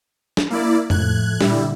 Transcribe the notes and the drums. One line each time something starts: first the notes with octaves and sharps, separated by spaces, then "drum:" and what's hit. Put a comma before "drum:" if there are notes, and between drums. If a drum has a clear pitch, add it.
drum: snare
A#3 E4 D5
A2 F3 A3 F#6 G#6, drum: tom F2
A#2 D3 G3 E4, drum: snare